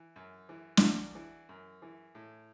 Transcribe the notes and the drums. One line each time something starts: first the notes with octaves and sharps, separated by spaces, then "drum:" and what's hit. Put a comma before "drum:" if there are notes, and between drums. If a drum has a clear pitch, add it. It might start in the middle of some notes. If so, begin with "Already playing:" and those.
Already playing: E3
F#2
E3
E4, drum: snare
E3 D4 F#4
E3
F#2
E3
A2